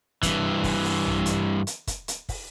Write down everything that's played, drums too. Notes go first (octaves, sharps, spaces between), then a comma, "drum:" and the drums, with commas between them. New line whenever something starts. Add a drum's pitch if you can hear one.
G2 E3, drum: kick, hi-hat
drum: kick, open hi-hat
drum: open hi-hat
drum: tom A#1
drum: hi-hat
drum: hi-hat
drum: kick, hi-hat
drum: hi-hat
drum: kick, open hi-hat